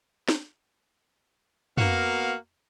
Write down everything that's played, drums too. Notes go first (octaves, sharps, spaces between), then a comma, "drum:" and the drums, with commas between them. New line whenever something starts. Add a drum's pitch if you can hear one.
drum: snare
A#3 B3 F#4 A#4 F5, drum: tom